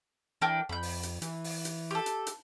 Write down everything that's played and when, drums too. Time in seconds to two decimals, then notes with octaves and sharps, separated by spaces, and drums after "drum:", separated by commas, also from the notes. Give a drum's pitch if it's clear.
0.41 E3 D4 A#4 G5
0.69 F2 B5 G6
0.83 drum: open hi-hat
1.03 drum: hi-hat
1.22 E3, drum: hi-hat
1.44 drum: open hi-hat
1.65 drum: hi-hat
1.91 G4 A4
2.06 drum: hi-hat
2.27 drum: hi-hat